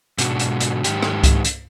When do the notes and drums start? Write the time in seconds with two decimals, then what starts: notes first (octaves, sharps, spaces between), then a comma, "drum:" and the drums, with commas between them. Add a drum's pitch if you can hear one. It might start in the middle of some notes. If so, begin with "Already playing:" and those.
0.18 G#2 B2 D4 F#4, drum: hi-hat
0.39 drum: hi-hat
0.60 drum: hi-hat
0.84 G#2 D#3 G4, drum: hi-hat
1.03 drum: rim click
1.24 drum: kick C2, hi-hat
1.45 drum: hi-hat